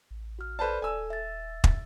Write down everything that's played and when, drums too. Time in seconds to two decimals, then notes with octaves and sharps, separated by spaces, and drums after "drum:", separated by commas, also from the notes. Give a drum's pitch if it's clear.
0.11 A1
0.39 F#4 F6
0.59 A4 B4 C5 D5 A5
0.82 D#1 A4 G#5 E6
1.10 E5 A6
1.64 drum: kick